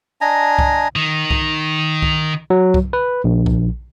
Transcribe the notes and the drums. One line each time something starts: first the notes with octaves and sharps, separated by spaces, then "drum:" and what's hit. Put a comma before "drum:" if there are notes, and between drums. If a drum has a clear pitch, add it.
D4 D#5 G#5 A#5
drum: kick C2
D#3
drum: kick C2
drum: kick C2
F#3
drum: kick C2
B4
A#1
drum: kick C2